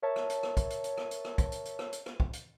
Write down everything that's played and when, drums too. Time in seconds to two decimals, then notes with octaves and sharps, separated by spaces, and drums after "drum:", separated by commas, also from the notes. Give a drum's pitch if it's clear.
0.02 A#4 C#5 E5 A5
0.16 drum: rim click
0.30 drum: hi-hat
0.43 drum: rim click
0.57 drum: kick, hi-hat
0.70 drum: hi-hat
0.84 drum: hi-hat
0.98 drum: rim click
1.11 drum: hi-hat
1.25 drum: rim click
1.38 drum: kick, hi-hat
1.52 drum: hi-hat
1.65 drum: hi-hat
1.79 drum: rim click
1.93 drum: hi-hat
2.06 drum: rim click
2.20 drum: kick
2.33 drum: hi-hat